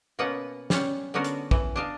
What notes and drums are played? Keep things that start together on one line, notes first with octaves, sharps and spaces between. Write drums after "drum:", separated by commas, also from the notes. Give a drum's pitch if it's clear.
B2 A#3 B3 C#4 B4 F#5
G3 C#4 F#5, drum: snare
D3 B3 C#4 F#4 A#4
drum: hi-hat
E3, drum: kick
D4 D#5 F5